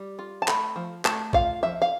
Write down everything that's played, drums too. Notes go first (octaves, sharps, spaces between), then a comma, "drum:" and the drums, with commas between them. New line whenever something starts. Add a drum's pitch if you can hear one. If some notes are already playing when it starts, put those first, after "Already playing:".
Already playing: G3
F4
A5
A3 B5, drum: clap
F3
A3 A5, drum: clap
F4 F5, drum: kick A1
F3 E5
F5